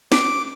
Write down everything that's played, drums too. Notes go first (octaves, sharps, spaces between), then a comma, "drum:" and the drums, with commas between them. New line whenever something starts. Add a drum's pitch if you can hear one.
D6, drum: snare